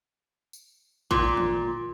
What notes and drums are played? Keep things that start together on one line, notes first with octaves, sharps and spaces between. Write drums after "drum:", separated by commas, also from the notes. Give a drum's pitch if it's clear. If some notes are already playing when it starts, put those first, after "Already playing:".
drum: tambourine
A#2, drum: kick G#1
drum: tom